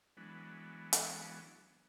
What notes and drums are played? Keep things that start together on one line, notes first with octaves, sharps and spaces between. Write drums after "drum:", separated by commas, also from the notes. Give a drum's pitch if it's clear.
E3 F#3 G#3 B3 D4
drum: hi-hat